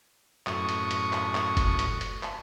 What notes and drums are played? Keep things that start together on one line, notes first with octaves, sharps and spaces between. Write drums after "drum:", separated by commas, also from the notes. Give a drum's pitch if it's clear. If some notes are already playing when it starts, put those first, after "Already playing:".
F#2 A2 C#6 D#6, drum: clap
drum: hi-hat
drum: hi-hat
drum: clap
drum: clap
drum: kick F1, hi-hat
drum: hi-hat
drum: hi-hat
drum: clap